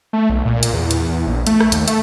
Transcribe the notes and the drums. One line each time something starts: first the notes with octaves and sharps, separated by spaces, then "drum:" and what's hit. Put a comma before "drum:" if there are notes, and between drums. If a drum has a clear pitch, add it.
A3
B1
A#2
drum: hi-hat
E2
drum: hi-hat
E2
A#1
A3, drum: hi-hat
drum: rim click
D#2, drum: hi-hat
A3, drum: hi-hat